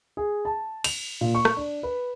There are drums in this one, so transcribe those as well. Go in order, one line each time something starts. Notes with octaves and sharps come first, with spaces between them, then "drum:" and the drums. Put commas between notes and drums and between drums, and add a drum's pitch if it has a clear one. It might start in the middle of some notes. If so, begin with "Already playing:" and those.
G#4
A5
F7, drum: cymbal
A#2
C#6
drum: rim click
D4
B4